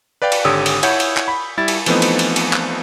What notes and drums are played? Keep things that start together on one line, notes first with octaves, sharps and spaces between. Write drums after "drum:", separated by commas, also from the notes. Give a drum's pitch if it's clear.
B4 D5 F5 G5
drum: cymbal
G#1 D3 G4 C#5 D#6 E6
drum: cymbal
E4 C#5 F#5 G6, drum: cymbal
drum: cymbal
drum: clap
B5
G3 E4 A6
drum: cymbal
E3 F3 A3 B3 C4 D#4, drum: cymbal
drum: cymbal
drum: cymbal
drum: cymbal
drum: clap